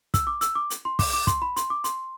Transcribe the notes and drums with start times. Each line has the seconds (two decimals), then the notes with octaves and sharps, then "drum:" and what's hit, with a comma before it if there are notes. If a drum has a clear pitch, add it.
0.14 E6, drum: kick, hi-hat
0.27 D6
0.41 E6, drum: hi-hat
0.55 D6
0.70 drum: hi-hat
0.85 C6
0.99 D6, drum: kick, open hi-hat
1.13 D6
1.27 C6, drum: kick, hi-hat
1.42 B5
1.56 C6, drum: hi-hat
1.70 D6
1.84 C6, drum: hi-hat